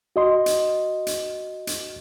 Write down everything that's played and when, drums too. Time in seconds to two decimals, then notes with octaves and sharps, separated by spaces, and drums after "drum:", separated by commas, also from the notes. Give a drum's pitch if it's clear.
0.16 F#4 D#5 C6
0.46 drum: hi-hat
1.07 drum: hi-hat
1.67 drum: hi-hat